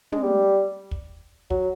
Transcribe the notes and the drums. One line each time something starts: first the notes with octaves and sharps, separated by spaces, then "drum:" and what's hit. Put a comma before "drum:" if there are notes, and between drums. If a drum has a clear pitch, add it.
G#3, drum: tom
G3
drum: kick
F#3, drum: kick